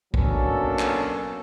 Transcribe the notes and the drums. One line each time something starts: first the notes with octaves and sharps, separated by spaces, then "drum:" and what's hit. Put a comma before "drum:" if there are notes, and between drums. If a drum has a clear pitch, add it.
B2 F#3 A#3 C#4 D4 A4, drum: kick
drum: clap